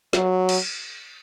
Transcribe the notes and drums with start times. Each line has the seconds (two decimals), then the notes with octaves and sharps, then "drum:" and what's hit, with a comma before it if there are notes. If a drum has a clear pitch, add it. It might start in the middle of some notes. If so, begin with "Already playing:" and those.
0.13 F#3, drum: snare
0.49 drum: cymbal